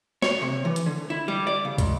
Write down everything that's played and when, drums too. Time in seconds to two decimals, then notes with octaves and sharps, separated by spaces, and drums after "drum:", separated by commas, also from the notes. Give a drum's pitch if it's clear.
0.22 C#5, drum: snare
0.42 C3
0.65 E3
0.76 drum: hi-hat
0.86 D3
1.10 E4
1.28 G3
1.47 D5
1.65 C#3
1.78 C#2, drum: kick, hi-hat